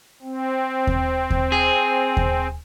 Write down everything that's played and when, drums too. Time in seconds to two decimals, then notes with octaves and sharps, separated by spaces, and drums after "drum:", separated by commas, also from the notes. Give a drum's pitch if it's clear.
0.22 C4
0.87 drum: kick D#2
1.30 drum: kick D#2
1.52 G#4
2.17 drum: kick D#2